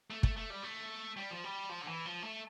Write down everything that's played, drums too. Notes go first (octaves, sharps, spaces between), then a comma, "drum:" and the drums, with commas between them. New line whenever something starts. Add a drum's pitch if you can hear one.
A3
A3, drum: kick
A3
G3
A3
G3
F3
G3
F3
D3
E3
F3
A3